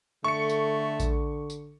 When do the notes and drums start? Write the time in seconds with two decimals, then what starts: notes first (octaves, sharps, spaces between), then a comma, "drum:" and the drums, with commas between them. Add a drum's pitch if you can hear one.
0.24 D3 A3 C#6 C#7
0.50 drum: tambourine
1.00 drum: kick A#1, tambourine
1.50 drum: tambourine